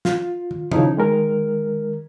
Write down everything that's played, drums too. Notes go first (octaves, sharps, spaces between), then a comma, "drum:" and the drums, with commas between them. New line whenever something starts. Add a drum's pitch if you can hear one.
F4, drum: snare
drum: tom
C#3 F3 D#4 E4, drum: tom D#3
D#3 G#3 A#4